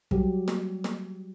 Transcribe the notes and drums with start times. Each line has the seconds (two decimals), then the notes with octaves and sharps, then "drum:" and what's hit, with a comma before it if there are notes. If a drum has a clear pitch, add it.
0.11 F#3 G3 G4, drum: kick
0.48 drum: snare
0.84 drum: snare